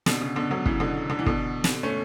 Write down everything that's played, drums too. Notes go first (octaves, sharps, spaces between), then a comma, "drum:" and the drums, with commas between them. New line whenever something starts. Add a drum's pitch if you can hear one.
B2 D3, drum: snare
C#3
B2 D3
D3 F#3
C#3 E3, drum: kick
B2 D3
D3
E3
B2 D3, drum: kick
drum: snare
A3 C#4